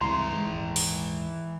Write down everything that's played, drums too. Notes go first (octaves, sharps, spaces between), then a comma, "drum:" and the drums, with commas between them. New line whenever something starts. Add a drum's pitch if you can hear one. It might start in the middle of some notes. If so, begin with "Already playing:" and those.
C#2 G2 C3 E3 E4 A#5 C6
D#3 G#3
D#1 G#2
drum: open hi-hat